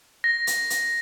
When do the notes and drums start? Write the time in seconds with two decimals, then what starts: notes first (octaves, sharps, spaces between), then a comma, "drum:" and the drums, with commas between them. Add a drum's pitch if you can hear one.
0.24 A#6
0.47 drum: hi-hat
0.70 drum: hi-hat